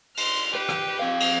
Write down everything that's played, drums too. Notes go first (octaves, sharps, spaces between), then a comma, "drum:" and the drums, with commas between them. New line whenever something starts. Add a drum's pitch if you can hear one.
C6 F6, drum: cymbal
G4 B4
drum: rim click
C4 F5
drum: cymbal